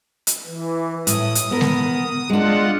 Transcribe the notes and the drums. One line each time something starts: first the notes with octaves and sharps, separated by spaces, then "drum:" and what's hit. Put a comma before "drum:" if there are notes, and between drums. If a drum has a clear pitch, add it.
drum: hi-hat
E3
A2 D#6, drum: hi-hat
drum: hi-hat
B3 A#4
drum: snare G#3
G#3 D4 F4 F#5